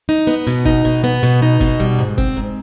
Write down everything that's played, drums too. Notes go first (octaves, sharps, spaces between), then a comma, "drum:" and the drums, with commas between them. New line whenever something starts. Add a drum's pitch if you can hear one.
D#4
B3
B2
D#4, drum: kick
B2
B3
B2
D#4
B2, drum: kick
G3
G#2
C4, drum: kick
G#2